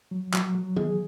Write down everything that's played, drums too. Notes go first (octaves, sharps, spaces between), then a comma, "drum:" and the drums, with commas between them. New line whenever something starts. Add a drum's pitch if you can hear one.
F#3
F#3, drum: clap
F#3
G#4, drum: tom D#3